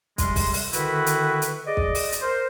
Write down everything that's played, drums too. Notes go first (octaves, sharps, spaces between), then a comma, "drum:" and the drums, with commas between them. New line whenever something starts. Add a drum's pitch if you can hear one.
C3 G3 G#3 C6, drum: kick, hi-hat
drum: kick, open hi-hat
drum: open hi-hat
D3 D#3 E4 F#4 B4, drum: hi-hat
drum: hi-hat
drum: hi-hat
G#4 D5 D#5
drum: kick
drum: open hi-hat
drum: hi-hat
A#4 C5